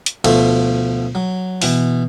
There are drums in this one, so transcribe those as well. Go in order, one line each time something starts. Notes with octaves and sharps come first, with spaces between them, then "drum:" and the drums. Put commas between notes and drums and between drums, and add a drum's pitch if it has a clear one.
drum: hi-hat
D2 B2 F3 A3, drum: cymbal
F#3
B2 E3, drum: open hi-hat